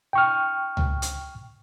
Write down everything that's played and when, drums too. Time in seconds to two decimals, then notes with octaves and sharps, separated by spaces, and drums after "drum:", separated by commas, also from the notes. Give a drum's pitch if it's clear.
0.13 G5 C#6 F6
0.77 drum: tom C#2
1.02 drum: hi-hat